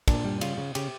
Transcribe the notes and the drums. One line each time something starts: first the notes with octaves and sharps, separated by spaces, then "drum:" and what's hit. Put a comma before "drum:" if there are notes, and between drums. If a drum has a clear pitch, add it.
A#2 D4, drum: kick, cymbal
G3
C#3 F4, drum: cymbal
C#3
C#3 G4, drum: cymbal